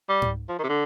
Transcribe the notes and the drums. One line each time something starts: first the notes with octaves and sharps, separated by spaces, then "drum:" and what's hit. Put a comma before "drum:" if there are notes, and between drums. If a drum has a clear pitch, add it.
G3
drum: tom G#2
F3
D#3
C3
D3